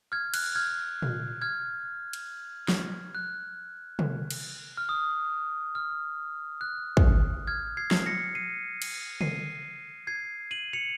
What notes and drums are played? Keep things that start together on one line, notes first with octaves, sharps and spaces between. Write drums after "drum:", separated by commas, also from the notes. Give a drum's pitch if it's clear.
F6 G#6
F#6, drum: cymbal
F6 G#6
drum: tom
F6 G#6
drum: cymbal
drum: snare
F#6
drum: tom
drum: cymbal
F6
D#6
F6
F#6
drum: kick
F6 G#6
G#6 C7
drum: snare
A#6 C#7
C7 D#7
drum: cymbal
C7 D#7, drum: tom
G#6 C7
D#7 F#7
C#7 F7